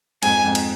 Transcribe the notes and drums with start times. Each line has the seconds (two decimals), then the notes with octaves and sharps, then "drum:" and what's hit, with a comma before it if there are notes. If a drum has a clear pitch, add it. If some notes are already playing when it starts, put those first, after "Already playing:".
0.23 F2 G#2 G#5, drum: cymbal
0.44 F2 G#2
0.55 drum: cymbal